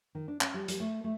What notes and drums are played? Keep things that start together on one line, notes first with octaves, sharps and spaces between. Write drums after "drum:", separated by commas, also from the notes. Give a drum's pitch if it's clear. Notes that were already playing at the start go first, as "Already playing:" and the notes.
D#3
D4
C#4, drum: clap
G3
G3, drum: hi-hat
A3
A3